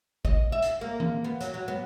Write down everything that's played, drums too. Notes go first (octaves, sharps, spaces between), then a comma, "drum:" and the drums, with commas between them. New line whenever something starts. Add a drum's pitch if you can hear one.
D#5, drum: kick
E5
drum: hi-hat
A#3
drum: tom E3
B3
F#3, drum: hi-hat
F#3
B3